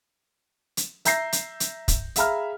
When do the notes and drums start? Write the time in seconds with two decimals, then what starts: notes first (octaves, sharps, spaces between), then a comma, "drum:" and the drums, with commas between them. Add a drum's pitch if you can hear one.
0.77 drum: hi-hat
1.05 E5 A#5 G6 A#6 C7, drum: hi-hat
1.32 drum: hi-hat
1.60 drum: hi-hat
1.88 drum: kick, hi-hat
2.16 G#4 E5 F5 A#5 B5 F6, drum: hi-hat